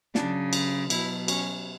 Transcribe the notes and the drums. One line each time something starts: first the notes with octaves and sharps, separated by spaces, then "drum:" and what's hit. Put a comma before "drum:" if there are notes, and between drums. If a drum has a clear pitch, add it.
C#3 F#3 D4, drum: snare
drum: cymbal
B2 F#3 E4, drum: cymbal
C#4, drum: cymbal